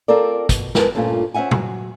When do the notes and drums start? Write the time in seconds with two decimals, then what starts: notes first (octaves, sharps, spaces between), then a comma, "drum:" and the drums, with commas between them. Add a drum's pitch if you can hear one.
0.08 C4 F4 A4 A#4 D5
0.49 B2, drum: kick, hi-hat
0.75 G#3 A#4 B4 A5, drum: snare
0.95 G2 A#2 A3 C#4 F4
1.34 C4 C#4 E5 F#5 G#5
1.51 F#3, drum: tom A#2